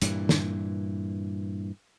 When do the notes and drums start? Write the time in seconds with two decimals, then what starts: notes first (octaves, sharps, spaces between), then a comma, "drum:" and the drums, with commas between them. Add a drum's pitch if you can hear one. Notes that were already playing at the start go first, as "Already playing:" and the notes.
0.02 G2 A#2 E3, drum: hi-hat
0.29 drum: snare